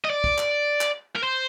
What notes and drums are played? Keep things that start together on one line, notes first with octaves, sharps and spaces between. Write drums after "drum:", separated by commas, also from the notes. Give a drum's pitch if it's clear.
D#5
D5
drum: kick
drum: clap
drum: clap
A#4
C5